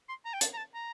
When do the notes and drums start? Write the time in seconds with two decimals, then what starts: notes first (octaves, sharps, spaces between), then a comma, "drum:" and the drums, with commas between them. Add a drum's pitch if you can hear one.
0.09 C6
0.25 A#5
0.34 G5
0.41 A5, drum: hi-hat
0.54 A#5
0.58 A5
0.74 A#5